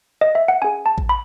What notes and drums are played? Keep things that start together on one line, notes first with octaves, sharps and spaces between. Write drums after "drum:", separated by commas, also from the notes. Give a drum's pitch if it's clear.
D#5
E5
F#5
C#4 G#4 G#5
A5
drum: kick A1
B5